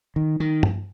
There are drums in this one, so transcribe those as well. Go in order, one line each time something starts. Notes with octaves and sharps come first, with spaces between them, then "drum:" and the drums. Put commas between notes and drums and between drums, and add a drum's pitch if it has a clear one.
D#3
D#3
drum: tom